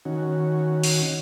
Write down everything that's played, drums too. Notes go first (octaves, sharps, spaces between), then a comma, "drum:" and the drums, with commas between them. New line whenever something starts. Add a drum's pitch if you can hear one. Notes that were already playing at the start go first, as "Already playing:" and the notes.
D#3 C#4 F#4
drum: open hi-hat